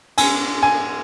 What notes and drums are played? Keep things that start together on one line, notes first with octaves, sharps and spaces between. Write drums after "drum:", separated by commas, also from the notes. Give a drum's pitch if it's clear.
G#5, drum: cymbal
G#5